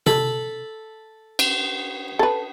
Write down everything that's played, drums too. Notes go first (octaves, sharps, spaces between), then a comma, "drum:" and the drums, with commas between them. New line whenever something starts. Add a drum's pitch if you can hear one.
A4 B5, drum: tom C3
drum: cymbal
A4 B4